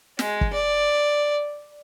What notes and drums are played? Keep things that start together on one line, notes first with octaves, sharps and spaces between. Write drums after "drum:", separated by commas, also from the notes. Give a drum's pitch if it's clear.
G#3, drum: snare
drum: kick
D5